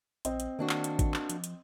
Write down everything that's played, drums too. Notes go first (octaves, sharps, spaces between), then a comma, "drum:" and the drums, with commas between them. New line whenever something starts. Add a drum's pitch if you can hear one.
A#1 C4 D#5, drum: hi-hat
drum: hi-hat
D#3 A#3 D4 F#4
drum: clap
drum: hi-hat
drum: kick A1, hi-hat
drum: clap
F3, drum: hi-hat
drum: hi-hat